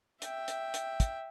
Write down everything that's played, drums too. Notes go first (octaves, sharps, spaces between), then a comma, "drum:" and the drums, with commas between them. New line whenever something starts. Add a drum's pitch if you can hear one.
E5 G5, drum: hi-hat
drum: hi-hat
drum: hi-hat
drum: kick, hi-hat